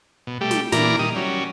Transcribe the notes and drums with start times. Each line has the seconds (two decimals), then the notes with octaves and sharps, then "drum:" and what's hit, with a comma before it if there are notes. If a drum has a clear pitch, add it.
0.27 B2
0.41 G3 A3 G4
0.51 drum: snare
0.72 A#2 E3 A#4 D5 A#5, drum: snare
0.99 D#3 G3 D#6
1.16 F#3 G3 C#4